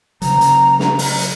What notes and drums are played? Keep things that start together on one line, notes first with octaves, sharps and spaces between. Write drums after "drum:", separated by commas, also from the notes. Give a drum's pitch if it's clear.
C#3 F#3 A#5, drum: hi-hat
drum: hi-hat
drum: snare
drum: open hi-hat
drum: hi-hat